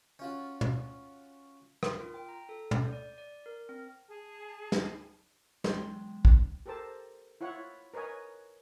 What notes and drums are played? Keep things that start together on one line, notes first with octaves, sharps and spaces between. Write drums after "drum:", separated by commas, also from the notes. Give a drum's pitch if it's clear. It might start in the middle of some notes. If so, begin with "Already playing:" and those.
C#4 F4 F#4
drum: tom
A#4, drum: rim click
F4
G5
A#5
A4
G6, drum: tom
D5
D5
A#4
C4
G#4 A5
drum: snare
E2 F#3 G#3 G5 C6, drum: snare
drum: kick
G4 A4 A#4 C5 A5
E4 F4 C#5 F#5
A#4 B4 C#5 D#5 G#5